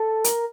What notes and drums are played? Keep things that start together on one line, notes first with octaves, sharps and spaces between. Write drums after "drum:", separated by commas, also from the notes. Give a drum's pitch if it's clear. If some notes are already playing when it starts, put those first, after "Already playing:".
Already playing: A4
A#4, drum: hi-hat